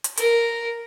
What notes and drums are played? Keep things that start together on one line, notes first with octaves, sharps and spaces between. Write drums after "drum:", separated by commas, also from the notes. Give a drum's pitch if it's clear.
drum: hi-hat
A#4, drum: hi-hat